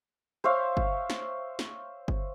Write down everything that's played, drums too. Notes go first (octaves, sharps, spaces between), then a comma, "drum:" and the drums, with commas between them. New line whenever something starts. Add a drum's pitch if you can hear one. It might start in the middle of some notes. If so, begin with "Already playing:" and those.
C5 C#5 E5 F5
drum: kick G1
drum: snare
drum: snare
drum: kick G1